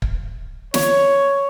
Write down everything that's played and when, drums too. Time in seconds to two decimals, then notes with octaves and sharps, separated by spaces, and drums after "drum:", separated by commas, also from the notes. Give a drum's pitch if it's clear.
0.02 drum: kick
0.74 C#5, drum: snare